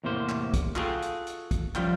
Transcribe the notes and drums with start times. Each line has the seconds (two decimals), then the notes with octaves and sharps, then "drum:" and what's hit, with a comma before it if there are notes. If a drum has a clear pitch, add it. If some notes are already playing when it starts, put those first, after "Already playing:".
0.04 E2 A2 C3 A#3 C5
0.29 drum: clap
0.54 drum: kick, hi-hat
0.76 F4 F#4 G#4 A4 F5 G5, drum: clap
1.02 drum: hi-hat
1.27 drum: hi-hat
1.51 drum: kick, hi-hat
1.75 F#2 F3 G3 F4 G5, drum: clap